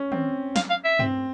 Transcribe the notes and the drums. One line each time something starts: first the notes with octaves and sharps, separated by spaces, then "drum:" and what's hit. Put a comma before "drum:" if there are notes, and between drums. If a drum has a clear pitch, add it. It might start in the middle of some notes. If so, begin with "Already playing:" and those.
Already playing: C#4
C4, drum: tom D#3
F5, drum: snare
F5
E5
C4, drum: tom G2